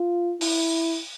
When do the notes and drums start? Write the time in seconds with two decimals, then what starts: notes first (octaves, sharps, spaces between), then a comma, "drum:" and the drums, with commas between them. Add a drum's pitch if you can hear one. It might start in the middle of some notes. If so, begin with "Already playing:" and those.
Already playing: F4
0.41 E4, drum: open hi-hat